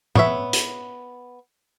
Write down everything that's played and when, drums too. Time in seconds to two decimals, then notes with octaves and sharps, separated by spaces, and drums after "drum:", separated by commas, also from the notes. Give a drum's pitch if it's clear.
0.15 B3 C#5 E5, drum: tom
0.53 drum: hi-hat